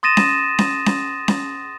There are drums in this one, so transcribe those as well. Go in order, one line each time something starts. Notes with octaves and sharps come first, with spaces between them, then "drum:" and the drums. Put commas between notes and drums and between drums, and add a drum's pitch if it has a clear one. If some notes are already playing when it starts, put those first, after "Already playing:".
C6 D#6 A6 A#6 D#7 E7
drum: snare C#4
drum: snare C#4
drum: snare C#4
drum: snare C#4